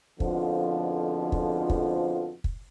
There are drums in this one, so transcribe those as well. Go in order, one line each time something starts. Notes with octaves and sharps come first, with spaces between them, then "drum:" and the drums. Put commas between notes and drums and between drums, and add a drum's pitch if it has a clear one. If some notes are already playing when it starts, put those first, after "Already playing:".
F2 G#2 B2 D3 F3, drum: kick
drum: kick
drum: kick
drum: kick